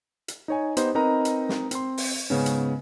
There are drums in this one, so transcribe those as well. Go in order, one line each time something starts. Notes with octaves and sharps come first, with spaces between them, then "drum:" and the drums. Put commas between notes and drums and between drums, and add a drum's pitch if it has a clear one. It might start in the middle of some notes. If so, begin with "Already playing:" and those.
drum: hi-hat
D#4 C#5 G#5
B3 D#4 G4 C5, drum: hi-hat
C4 D#4 A#4 B4 D#5 A#5
drum: hi-hat
drum: snare
C4 C6, drum: hi-hat
drum: open hi-hat
G#2 C#3 B3 C#4
drum: hi-hat